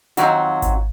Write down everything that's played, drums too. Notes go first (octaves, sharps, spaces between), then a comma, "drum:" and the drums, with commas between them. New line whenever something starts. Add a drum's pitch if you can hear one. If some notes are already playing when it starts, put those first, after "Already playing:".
F2 D#3 F#3 C4 F4 F#4, drum: hi-hat
drum: kick G#1, hi-hat